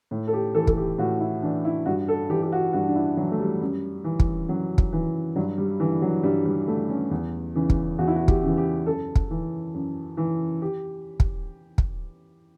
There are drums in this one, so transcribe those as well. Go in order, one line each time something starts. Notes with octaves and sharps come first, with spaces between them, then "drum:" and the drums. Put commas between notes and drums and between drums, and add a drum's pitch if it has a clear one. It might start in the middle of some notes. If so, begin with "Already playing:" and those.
A2
A4
G4
E3 A4
A4, drum: kick
G4
A2 F#4
E4
E3 D4
E4
G2 F#4
A4
E3 G4
G4
F#4
G2 F#4
D4
E4
E3 F#3
A3
G3
F#2
E3
drum: kick
F#2 F#3
drum: kick
E3
G2 F#3
G3
D3 E3
F#3
G2 G3
G3
D3 A3
C#4
E2
C#3 E3
drum: kick
E2 F#4
E4
F#4
G4, drum: kick
C#3 E3
G4
F#2 A4
drum: kick
E3
F#2
E3
G4
drum: kick
drum: kick